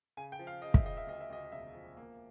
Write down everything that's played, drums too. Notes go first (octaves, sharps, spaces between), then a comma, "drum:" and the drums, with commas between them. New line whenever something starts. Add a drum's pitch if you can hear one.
C#3 G#5
G5
F3
F5
C#3 D#5
E5, drum: kick
C#3 D#5
E5
D2 D#5
E5
D2 D#5
E1 E5
F3
A#3